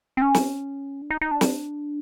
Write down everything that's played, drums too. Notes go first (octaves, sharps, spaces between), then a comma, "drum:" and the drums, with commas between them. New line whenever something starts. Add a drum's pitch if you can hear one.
C4
C#4
drum: snare
D4
D#4
D#4
D4
drum: snare